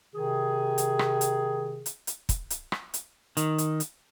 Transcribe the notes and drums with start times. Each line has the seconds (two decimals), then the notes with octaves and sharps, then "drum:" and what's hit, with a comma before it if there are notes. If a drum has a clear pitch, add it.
0.15 C3 D#3 G#4
0.78 drum: hi-hat
0.99 drum: rim click
1.21 drum: hi-hat
1.86 drum: hi-hat
2.07 drum: hi-hat
2.29 drum: kick, hi-hat
2.50 drum: hi-hat
2.72 drum: rim click
2.94 drum: hi-hat
3.37 D#3, drum: hi-hat
3.58 drum: hi-hat
3.80 drum: hi-hat